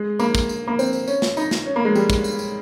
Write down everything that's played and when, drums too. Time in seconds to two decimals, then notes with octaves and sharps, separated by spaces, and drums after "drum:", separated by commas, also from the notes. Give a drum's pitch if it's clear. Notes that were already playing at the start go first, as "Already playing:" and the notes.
Already playing: G#3
0.19 A#3, drum: tambourine
0.35 drum: kick, tambourine
0.49 drum: tambourine
0.67 A#3
0.79 C4, drum: tambourine
0.93 drum: tambourine
1.07 C#4, drum: tambourine
1.22 drum: snare
1.37 D#4, drum: tambourine
1.51 drum: snare
1.66 C#4
1.76 A#3
1.85 G#3
1.95 G3, drum: tambourine
2.10 drum: kick, tambourine
2.24 drum: tambourine
2.39 drum: tambourine